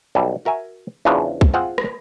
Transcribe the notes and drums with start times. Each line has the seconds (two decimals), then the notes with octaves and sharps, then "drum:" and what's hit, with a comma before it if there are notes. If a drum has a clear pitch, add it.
0.15 B1 G3 A4
0.45 F#4 A#4 E5 G#5
1.05 E2 C#3 F3 F#3 D4
1.41 drum: kick
1.54 C4 F4 G#4 C5 F5 F#5
1.78 drum: rim click